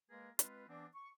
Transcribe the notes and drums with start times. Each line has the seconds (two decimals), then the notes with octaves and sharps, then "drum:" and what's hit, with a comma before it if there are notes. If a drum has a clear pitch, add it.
0.10 G#3 A#3 G#4 A#4 B4
0.39 G#3 C4 F4 B4, drum: hi-hat
0.69 E3 B3 C4 D4
0.94 C#6